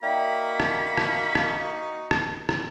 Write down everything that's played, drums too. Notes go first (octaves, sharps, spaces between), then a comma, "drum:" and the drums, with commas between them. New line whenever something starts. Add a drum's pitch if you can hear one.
A#3 D#4 F#4 D5 E5 G5 B5
drum: rim click
drum: rim click
drum: rim click
drum: rim click
drum: rim click